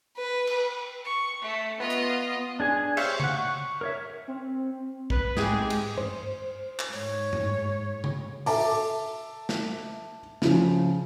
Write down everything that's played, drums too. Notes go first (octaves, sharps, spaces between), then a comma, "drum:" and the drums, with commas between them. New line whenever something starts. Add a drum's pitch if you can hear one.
B4
drum: cymbal
C#6
A3
B3 F4 D#5
drum: hi-hat
D4 G#4 G#5
G4 C5 C#5 E5 F5, drum: cymbal
F#5 C#6, drum: tom C#3
C#6
A#4 C#5 E5
C4
B4, drum: kick A#1
G#2 G#3 C4 G4 G#4, drum: snare
drum: cymbal
C5, drum: tom G2
drum: clap
G#2 C#5, drum: open hi-hat
drum: tom G2
drum: tom C#3
A4 E5 A5 D6, drum: open hi-hat
drum: snare
C#3 F3, drum: snare